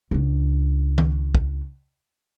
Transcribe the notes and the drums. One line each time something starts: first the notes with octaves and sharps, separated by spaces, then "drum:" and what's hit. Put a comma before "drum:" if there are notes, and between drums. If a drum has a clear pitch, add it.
C#2 D4
drum: tom D#3
drum: kick